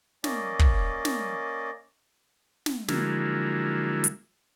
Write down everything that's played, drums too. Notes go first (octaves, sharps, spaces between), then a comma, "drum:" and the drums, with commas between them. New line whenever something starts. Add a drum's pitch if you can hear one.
A#3 C#4 D5 D#5, drum: snare
drum: kick
drum: snare
drum: snare
D3 F3 F#3 G#3 A#3 E4, drum: snare
drum: hi-hat